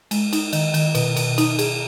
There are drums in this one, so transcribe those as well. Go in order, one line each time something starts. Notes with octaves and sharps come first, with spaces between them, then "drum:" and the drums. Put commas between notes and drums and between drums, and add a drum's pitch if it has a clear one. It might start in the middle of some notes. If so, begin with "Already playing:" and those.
G#3, drum: cymbal
D#4, drum: cymbal
D#3, drum: cymbal
D#3, drum: cymbal
B2, drum: cymbal
B2, drum: cymbal
D#4, drum: cymbal
G#4, drum: cymbal